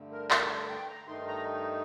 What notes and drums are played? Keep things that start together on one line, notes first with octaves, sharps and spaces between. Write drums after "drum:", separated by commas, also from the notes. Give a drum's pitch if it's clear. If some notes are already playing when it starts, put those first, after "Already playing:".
Already playing: G2 D3 A3
A#4
A#4, drum: clap
G5
A#5
G2 D#3 A3 D#4 C6
A#5